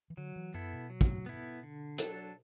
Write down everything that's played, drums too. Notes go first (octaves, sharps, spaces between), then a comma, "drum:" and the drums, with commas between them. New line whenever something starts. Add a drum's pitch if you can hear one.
E3
D3 F#3
E3
F#2 B3 E4 A4
B2
F#3
drum: kick
B3 E4 A4
D3
F#3 D4 A4, drum: hi-hat